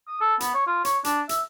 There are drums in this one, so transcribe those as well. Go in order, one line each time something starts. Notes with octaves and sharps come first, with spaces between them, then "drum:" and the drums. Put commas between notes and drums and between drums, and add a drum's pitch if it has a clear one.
D#6
A4
B3, drum: hi-hat
C#5
F4
C#5, drum: hi-hat
D4, drum: hi-hat
E5, drum: hi-hat